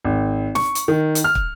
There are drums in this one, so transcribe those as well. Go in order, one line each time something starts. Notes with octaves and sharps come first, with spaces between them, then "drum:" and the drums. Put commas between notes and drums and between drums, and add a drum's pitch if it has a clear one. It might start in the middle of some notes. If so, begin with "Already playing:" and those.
G#1
C#6, drum: snare
drum: hi-hat
D#3
drum: hi-hat
F6
drum: kick